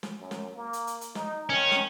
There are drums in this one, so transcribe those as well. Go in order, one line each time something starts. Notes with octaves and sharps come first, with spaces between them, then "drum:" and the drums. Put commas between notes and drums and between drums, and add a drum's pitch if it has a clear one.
drum: snare
F#2
drum: snare
A#3
drum: hi-hat
drum: hi-hat
drum: hi-hat
D#4, drum: snare
D#3 C#4
drum: snare